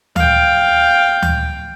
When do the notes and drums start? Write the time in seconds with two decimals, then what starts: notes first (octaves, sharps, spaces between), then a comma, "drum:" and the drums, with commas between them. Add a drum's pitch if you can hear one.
0.16 F5 G5, drum: tom D2
1.22 drum: tom D2